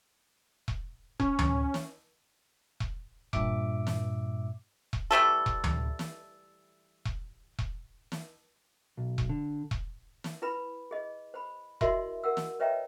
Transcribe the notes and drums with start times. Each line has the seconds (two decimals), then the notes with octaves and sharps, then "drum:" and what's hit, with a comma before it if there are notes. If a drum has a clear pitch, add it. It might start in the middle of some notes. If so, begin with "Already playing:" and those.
0.68 drum: kick E1
1.20 C#4, drum: kick E1
1.39 drum: tom D2
1.74 drum: snare
2.80 drum: kick E1
3.33 G2 A#2 E5 D6, drum: kick E1
3.87 drum: snare
4.93 drum: kick E1
5.11 E3 G3 A3 A4
5.46 drum: kick E1
5.64 drum: tom D2
5.99 drum: snare
7.05 drum: kick E1
7.59 drum: kick E1
8.12 drum: snare
8.98 B1
9.18 drum: kick E1
9.29 D3
9.71 drum: kick E1
10.24 drum: snare
10.42 E4 B4 B5
10.91 G#4 D#5
11.34 C5 B5
11.81 E4 F#4 A#4 D#5 E5 C6, drum: kick E1
12.24 A#4 F#5 E6
12.37 drum: snare
12.60 B4 C#5 D#5 E5 G5 A#5